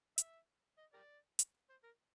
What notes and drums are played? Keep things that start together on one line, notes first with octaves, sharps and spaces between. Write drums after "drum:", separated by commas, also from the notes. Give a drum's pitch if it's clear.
E5, drum: hi-hat
D#5
G4 A#4 D5
drum: hi-hat
C5
A#4